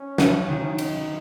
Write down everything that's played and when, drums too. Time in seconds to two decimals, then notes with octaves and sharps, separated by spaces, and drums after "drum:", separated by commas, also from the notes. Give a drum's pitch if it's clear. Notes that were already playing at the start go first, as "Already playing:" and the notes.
Already playing: C#4
0.18 drum: snare
0.48 D#3
0.78 D#4, drum: cymbal